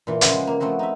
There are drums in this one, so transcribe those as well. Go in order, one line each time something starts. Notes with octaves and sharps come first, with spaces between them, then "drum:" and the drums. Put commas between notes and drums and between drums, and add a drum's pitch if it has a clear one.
A#2 E3
C#3 F3 B3 C5, drum: hi-hat
G#3
A#3
F3 A3 B3 C4 F#4
D#4 E5